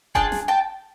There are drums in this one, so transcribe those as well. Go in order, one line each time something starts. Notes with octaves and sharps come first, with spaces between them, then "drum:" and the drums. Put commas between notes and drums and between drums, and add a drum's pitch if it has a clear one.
D4 F4 G#4 G5 A5, drum: kick F1
drum: snare
G5 A5